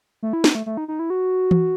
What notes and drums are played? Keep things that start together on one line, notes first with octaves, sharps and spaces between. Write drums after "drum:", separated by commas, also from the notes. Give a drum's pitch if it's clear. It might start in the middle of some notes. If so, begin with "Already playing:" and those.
A3
E4
D#4, drum: snare
A3
A3
D#4
D#4
E4
F#4
drum: tom E3